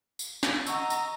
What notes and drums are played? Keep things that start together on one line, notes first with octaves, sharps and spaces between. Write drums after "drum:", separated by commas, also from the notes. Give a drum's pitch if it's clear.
drum: tambourine
drum: snare
D#5 F#5 A#5 C#6 E6, drum: tambourine
drum: tambourine